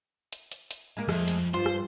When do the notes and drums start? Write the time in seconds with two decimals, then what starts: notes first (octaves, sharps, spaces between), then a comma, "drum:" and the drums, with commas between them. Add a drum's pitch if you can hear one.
0.32 drum: hi-hat
0.52 drum: hi-hat
0.71 drum: hi-hat
0.97 G#3 A#3
1.09 F2 G#3 A3, drum: rim click
1.28 drum: hi-hat
1.54 G2 F4 C5
1.66 drum: rim click